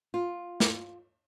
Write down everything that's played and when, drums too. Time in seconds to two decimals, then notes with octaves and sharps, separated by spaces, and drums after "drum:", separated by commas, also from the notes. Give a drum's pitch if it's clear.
0.14 F4
0.60 drum: snare